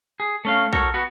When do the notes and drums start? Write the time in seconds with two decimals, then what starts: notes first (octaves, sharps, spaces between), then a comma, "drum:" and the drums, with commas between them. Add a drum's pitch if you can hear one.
0.20 G#4
0.45 A3 C#4 F5
0.73 F#4 A4 A#4 C#5, drum: kick B1
0.94 B3 F#4